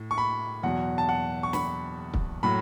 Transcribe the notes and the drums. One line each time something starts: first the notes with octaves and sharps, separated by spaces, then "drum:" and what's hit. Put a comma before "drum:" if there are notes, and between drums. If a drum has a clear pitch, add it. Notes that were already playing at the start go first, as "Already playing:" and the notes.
Already playing: A2
C#6
B5
E2 B2 F#3 F#5
A5
F#5
C#6
B5, drum: snare
drum: kick
A2 F#3 B5